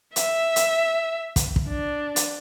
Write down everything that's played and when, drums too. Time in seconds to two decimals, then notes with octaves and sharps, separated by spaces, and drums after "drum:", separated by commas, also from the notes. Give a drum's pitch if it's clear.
0.16 E5, drum: hi-hat
0.56 drum: hi-hat
1.36 drum: kick, hi-hat
1.56 drum: kick
1.69 D4
2.16 drum: hi-hat